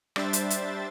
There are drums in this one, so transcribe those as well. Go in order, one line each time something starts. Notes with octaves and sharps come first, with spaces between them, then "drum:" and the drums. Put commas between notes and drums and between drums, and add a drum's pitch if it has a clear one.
G3 D4 C5 E5 A6, drum: rim click
drum: hi-hat
drum: hi-hat